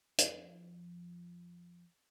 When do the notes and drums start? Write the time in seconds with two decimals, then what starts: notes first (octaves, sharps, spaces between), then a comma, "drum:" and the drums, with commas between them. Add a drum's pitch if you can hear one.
0.18 F2 F3, drum: hi-hat